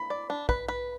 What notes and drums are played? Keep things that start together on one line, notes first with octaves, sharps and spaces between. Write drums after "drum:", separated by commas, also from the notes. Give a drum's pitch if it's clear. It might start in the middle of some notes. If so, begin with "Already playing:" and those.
Already playing: B5
D5
D4
B4, drum: kick
B4